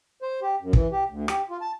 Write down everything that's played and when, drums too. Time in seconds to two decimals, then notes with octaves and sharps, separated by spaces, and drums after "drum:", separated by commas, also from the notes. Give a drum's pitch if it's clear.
0.22 C5
0.42 G4
0.61 F#2
0.73 E3, drum: kick
0.92 G4
1.10 D2
1.28 G4, drum: rim click
1.50 F4
1.61 A5